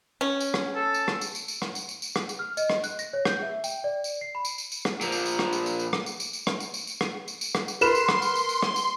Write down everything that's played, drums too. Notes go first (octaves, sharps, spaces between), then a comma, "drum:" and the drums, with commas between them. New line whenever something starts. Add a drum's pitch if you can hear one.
C#4
drum: tambourine
drum: rim click
A4
drum: tambourine
drum: rim click
drum: tambourine
drum: tambourine
drum: tambourine
drum: rim click
drum: tambourine
drum: tambourine
drum: tambourine
drum: rim click
drum: tambourine
F6
D#5, drum: tambourine
drum: rim click
F#6, drum: tambourine
A#6, drum: tambourine
C#5
G6, drum: rim click
E5
G5, drum: tambourine
D5
drum: tambourine
C7
B5
drum: tambourine
drum: tambourine
drum: tambourine
drum: rim click
A#2 F3, drum: tambourine
drum: tambourine
drum: tambourine
drum: rim click
drum: tambourine
drum: tambourine
drum: tambourine
drum: rim click
drum: tambourine
drum: tambourine
drum: tambourine
drum: rim click
drum: tambourine
drum: tambourine
drum: tambourine
drum: rim click
drum: tambourine
drum: tambourine
drum: rim click
drum: tambourine
A#4 B4 C6 E7, drum: tambourine
drum: tambourine
drum: rim click
drum: tambourine
drum: tambourine
drum: tambourine
drum: rim click
drum: tambourine